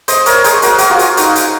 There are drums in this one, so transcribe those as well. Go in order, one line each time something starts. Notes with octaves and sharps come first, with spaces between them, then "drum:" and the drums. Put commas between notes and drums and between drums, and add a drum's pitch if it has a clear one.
C5 D#5, drum: hi-hat
A#4 C#5, drum: hi-hat
G#4 C5, drum: hi-hat
F#4 A#4, drum: hi-hat
F#4, drum: hi-hat
F4 G#4
drum: hi-hat
D#4 F#4, drum: hi-hat
drum: hi-hat